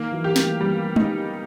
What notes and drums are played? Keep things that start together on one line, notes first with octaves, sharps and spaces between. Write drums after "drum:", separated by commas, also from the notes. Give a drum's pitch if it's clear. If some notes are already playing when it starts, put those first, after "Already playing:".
Already playing: D#3 A#3
E3 F#3
G4
G3 A3, drum: snare
G3 B3 C#4
B3 C#4 D#4, drum: tom